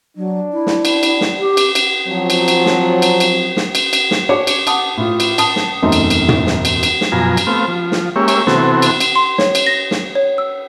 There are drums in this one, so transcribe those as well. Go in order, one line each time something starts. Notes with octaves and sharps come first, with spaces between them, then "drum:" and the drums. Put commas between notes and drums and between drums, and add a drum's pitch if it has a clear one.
F#3 D4
E4
drum: snare
drum: cymbal
drum: cymbal
drum: snare
G4
drum: cymbal
drum: cymbal
F3 F#3 C4
drum: cymbal
drum: cymbal
drum: snare
drum: cymbal
drum: cymbal
drum: snare
drum: cymbal
drum: cymbal
drum: snare
D4 F#4 G#4 C#5 D6
drum: cymbal
F#5 A5 D#6, drum: cymbal
A2 F4
drum: cymbal
A5 D#6, drum: cymbal
drum: snare
E1 F#2 A3 C4 D#4 C6
drum: cymbal
drum: cymbal
drum: tom
drum: snare
drum: cymbal
drum: cymbal
drum: snare
F#2 B2 F3 G#5 A#5
drum: cymbal
A3 B3 C4 F5
F3
drum: snare
G#3 A#3 C#4 G4 C#5 E5
drum: cymbal
C3 E3 B3 C4 F#4 A4, drum: snare
drum: cymbal
drum: cymbal
C6
C#5, drum: snare
drum: cymbal
A#6
drum: snare
C#5
E6